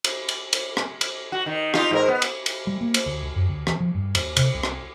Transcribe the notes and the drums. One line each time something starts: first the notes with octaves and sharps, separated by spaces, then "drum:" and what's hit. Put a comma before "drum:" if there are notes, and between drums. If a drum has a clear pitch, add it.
drum: cymbal
drum: cymbal
drum: cymbal
drum: rim click
drum: cymbal
F#4
D#3
D#4 F4 G4, drum: rim click
G#2 E4 A#4
B3
drum: cymbal
drum: cymbal
G3
A#3
drum: cymbal
D2
C#2
F#2
D2
E3, drum: rim click
F3
G2
D#2, drum: cymbal
C3, drum: cymbal
C2
drum: rim click